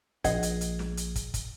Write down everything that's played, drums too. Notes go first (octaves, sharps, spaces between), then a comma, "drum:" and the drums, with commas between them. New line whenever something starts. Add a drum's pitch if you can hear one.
A#1 G#4 D#5 F#5 G#6, drum: kick, hi-hat
drum: hi-hat
drum: hi-hat
drum: snare
drum: hi-hat
drum: kick, hi-hat
drum: kick, hi-hat